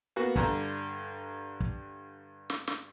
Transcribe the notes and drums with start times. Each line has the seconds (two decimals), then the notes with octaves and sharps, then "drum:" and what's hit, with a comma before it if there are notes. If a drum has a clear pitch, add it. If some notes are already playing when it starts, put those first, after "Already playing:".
0.16 A#3 B3 F#4
0.36 G2 D3 A#5, drum: kick
1.60 drum: kick
2.50 drum: snare
2.67 drum: snare